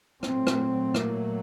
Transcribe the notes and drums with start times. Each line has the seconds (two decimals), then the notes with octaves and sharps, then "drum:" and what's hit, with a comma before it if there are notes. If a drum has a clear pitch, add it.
0.23 A#2 F#3 A3 C4, drum: rim click
0.47 drum: rim click
0.94 A#3, drum: rim click